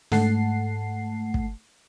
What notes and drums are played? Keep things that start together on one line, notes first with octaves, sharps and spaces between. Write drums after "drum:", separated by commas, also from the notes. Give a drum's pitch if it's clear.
G#2 A3 F#5 A5 C7, drum: snare
drum: kick